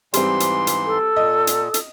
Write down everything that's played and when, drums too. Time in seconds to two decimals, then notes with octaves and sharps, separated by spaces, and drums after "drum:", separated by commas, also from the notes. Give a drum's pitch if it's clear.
0.14 G#2 E3 G3 C4 C6, drum: hi-hat
0.40 drum: hi-hat
0.67 drum: hi-hat
0.85 A4
1.17 A#2 D#5
1.47 drum: hi-hat
1.74 drum: hi-hat